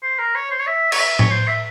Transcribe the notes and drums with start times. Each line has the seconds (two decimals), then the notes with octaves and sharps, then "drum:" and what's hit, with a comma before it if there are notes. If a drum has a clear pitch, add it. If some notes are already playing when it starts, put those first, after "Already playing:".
0.03 C5
0.19 A#4
0.35 C#5
0.51 C5
0.59 C#5
0.67 E5
0.92 C#5, drum: cymbal
0.99 E5
1.19 C#5, drum: tom A2
1.31 C5
1.47 E5